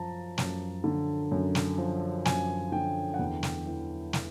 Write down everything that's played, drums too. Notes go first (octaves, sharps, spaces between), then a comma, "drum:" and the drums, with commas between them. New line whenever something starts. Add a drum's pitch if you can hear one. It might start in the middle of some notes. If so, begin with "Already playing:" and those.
Already playing: F#2 F3 A5 A#5
F#2, drum: snare
D3
F#2
drum: snare
F3
F#2 G#5, drum: snare
D3 G5
F#5
E2 G5
drum: snare
E3
drum: snare